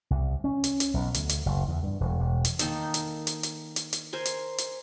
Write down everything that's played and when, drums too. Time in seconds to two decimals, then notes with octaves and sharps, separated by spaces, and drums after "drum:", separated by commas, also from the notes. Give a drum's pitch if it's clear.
0.10 C2
0.44 C#4
0.64 drum: hi-hat
0.80 drum: hi-hat
0.94 B1
1.14 D2, drum: hi-hat
1.29 drum: hi-hat
1.46 F#1
1.68 E2
1.83 G2
2.00 E1
2.20 E1
2.45 drum: hi-hat
2.59 D#3 A#3 D#4 A4, drum: hi-hat
2.94 drum: hi-hat
3.27 drum: hi-hat
3.43 drum: hi-hat
3.76 drum: hi-hat
3.93 drum: hi-hat
4.13 A#4 C5 G#5 C6
4.25 drum: hi-hat
4.58 drum: hi-hat